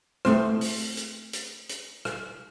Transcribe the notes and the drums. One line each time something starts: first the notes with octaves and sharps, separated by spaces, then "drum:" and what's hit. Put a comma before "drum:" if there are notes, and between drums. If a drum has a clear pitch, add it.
A3 C4 C5, drum: rim click
drum: open hi-hat
drum: hi-hat
drum: hi-hat
drum: hi-hat
drum: rim click